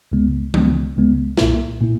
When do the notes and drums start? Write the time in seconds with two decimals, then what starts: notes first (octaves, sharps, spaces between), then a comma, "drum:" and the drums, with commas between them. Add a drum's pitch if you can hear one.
0.12 C#2 C#3 G#3 B3
0.54 C#2 C#3 G#3 B3, drum: tom E3
0.96 C#2 C#3 G#3 B3
1.37 B1 A#2 A#3 E4, drum: snare
1.81 A#2 A#3 E4